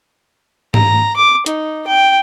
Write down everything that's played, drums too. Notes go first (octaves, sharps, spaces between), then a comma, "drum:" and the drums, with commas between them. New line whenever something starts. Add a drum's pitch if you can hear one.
A#5, drum: tom G#2
D6
D#4, drum: hi-hat
G5